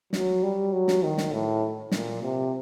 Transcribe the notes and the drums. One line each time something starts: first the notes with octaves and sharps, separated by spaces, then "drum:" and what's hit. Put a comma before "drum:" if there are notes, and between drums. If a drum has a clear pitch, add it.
F#3, drum: snare
G3
F#3
drum: snare
D#3
drum: snare
A2
A#2, drum: snare
C3